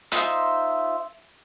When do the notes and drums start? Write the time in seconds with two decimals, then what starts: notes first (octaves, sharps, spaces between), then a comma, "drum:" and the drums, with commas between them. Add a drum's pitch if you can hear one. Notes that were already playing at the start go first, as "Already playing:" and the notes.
0.12 D#4 F4 C5 E5, drum: hi-hat